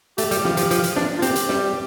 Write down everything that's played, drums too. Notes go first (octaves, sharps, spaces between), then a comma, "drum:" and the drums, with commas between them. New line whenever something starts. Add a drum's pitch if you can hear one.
A3 G4, drum: hi-hat
G3, drum: hi-hat
F3, drum: snare
F3, drum: hi-hat
F3, drum: hi-hat
drum: hi-hat
D4, drum: snare
F4
C4 G4, drum: hi-hat
drum: hi-hat
G3, drum: snare